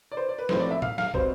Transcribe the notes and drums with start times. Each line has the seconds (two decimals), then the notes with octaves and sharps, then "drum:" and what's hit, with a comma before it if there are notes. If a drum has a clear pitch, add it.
0.12 D5
0.17 C5
0.29 D5
0.38 B4
0.49 B1 A2 F3 A3 C4 C5, drum: snare
0.60 D5
0.71 E5
0.82 F5, drum: tom
0.98 F5, drum: snare
1.14 B2 G3 C4 C5, drum: kick